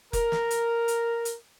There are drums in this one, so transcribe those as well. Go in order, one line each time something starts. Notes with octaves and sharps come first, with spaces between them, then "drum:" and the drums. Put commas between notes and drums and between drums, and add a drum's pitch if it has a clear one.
A#4, drum: kick F1, hi-hat
drum: snare
drum: hi-hat
drum: hi-hat
drum: hi-hat